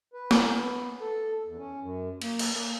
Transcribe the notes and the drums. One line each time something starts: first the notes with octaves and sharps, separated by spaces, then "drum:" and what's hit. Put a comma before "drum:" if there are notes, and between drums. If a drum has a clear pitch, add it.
B4
drum: snare
B3
A4
E2
C#4
F#2
A#3, drum: cymbal
drum: cymbal
A#3